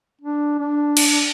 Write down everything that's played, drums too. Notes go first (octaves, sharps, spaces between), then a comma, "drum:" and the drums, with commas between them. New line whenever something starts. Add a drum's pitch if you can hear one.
D4
D4
drum: cymbal